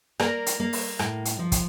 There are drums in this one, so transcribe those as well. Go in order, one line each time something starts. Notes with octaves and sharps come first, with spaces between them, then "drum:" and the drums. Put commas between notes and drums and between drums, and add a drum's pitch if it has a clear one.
A#3 A#4 D5, drum: rim click
drum: hi-hat
A#3
drum: open hi-hat
A2, drum: rim click
drum: hi-hat
F3
drum: kick, hi-hat